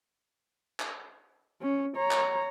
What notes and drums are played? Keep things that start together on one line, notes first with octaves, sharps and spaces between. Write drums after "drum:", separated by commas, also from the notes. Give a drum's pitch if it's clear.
drum: clap
C#4
C#5 A#5
drum: clap